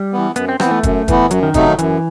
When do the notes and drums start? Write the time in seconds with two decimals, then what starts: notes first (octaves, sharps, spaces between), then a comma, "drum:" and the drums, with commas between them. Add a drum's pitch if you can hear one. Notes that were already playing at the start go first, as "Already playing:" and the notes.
Already playing: G3
0.13 E3 B3
0.36 F#2 B3, drum: hi-hat
0.49 C4
0.60 E3 B3 C4, drum: rim click
0.71 A3
0.83 F#2, drum: kick, hi-hat
1.08 E3 B3, drum: kick, hi-hat
1.31 F#2 F#3, drum: hi-hat
1.43 D#3
1.54 C3 F#3 A3 D#4, drum: kick, hi-hat
1.67 D#3
1.79 F#2 E3, drum: hi-hat